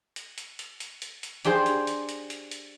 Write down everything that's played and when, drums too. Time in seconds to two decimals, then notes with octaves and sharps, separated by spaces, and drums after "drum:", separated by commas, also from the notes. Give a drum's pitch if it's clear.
0.16 drum: hi-hat
0.38 drum: hi-hat
0.59 drum: hi-hat
0.80 drum: hi-hat
1.02 drum: hi-hat
1.23 drum: hi-hat
1.45 D4 G4 G#4 C5, drum: hi-hat
1.66 drum: hi-hat
1.87 drum: hi-hat
2.09 drum: hi-hat
2.30 drum: hi-hat
2.51 drum: hi-hat